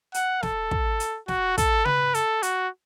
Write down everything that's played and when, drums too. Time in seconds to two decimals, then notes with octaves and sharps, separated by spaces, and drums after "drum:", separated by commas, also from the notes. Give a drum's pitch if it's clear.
0.14 F#5, drum: hi-hat
0.43 A4, drum: snare
0.71 drum: kick
1.00 drum: hi-hat
1.28 F#4, drum: snare
1.58 A4, drum: kick, hi-hat
1.85 B4, drum: tom C#3
2.14 A4, drum: hi-hat
2.43 F#4, drum: hi-hat